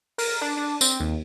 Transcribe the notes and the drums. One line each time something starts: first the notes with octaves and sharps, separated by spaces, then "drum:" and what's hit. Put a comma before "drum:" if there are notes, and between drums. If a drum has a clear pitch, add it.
A#4, drum: open hi-hat
D4
D4
C4, drum: tambourine
D#2